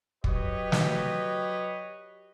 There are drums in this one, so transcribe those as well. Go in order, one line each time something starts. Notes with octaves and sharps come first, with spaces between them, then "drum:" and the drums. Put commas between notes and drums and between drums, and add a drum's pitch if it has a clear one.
F#3 G4 B4 C#5 D#5, drum: kick
drum: snare